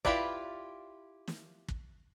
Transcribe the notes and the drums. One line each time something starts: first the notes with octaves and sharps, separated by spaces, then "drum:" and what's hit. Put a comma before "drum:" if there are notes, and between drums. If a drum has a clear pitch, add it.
E4 F4 G4 B4 D5, drum: kick
drum: snare
drum: kick